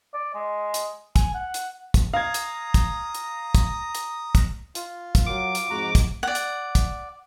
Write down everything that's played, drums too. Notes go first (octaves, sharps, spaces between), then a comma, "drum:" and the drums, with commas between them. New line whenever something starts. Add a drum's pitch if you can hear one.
D5
G#3
drum: hi-hat
G#5, drum: kick, hi-hat
F#5
drum: hi-hat
drum: kick, hi-hat
F5 A#5 D#6 G#6
drum: hi-hat
drum: kick, hi-hat
drum: hi-hat
drum: kick, hi-hat
drum: hi-hat
drum: kick, hi-hat
F4, drum: hi-hat
drum: kick, hi-hat
F#3 A#4 F#5 D6
drum: hi-hat
F2 G#2 F#4 A#5
drum: kick, hi-hat
D5 F#5
drum: hi-hat
drum: kick, hi-hat